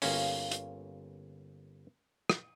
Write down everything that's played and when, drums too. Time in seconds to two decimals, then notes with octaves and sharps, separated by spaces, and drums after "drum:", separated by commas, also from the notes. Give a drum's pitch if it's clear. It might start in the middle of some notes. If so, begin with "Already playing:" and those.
0.02 G1 A#3 C#4 F4, drum: open hi-hat
0.51 drum: hi-hat
2.30 drum: rim click